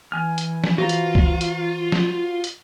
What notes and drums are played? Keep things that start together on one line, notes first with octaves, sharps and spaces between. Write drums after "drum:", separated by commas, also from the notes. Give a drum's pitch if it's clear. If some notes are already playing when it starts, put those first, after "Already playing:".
E3 G#5 F6
drum: hi-hat
drum: snare
F4 F#4 C5 A#5
drum: hi-hat
drum: kick C2
drum: hi-hat
drum: snare
drum: hi-hat